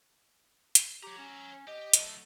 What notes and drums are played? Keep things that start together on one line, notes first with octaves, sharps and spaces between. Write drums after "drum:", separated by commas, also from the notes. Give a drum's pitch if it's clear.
drum: hi-hat
G4 C#5 A#5
C#4
G4 D#5
F#3 A3, drum: hi-hat